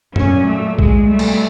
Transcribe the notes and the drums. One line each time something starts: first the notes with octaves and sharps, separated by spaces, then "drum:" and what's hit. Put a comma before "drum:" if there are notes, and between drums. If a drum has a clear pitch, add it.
A#2 F#3 C#4, drum: tom
A3
G#3, drum: kick A#1
B2 G3 A3
drum: cymbal